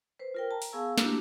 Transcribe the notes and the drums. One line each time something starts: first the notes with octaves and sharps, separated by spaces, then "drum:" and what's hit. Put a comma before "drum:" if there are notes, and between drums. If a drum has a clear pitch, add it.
B4 C5
F4 A#4 G5
A5 A#5
drum: open hi-hat
B3 G#4 F5 G#5 C#6 E6
A3 A#3 D4 E4 F#4 G4, drum: snare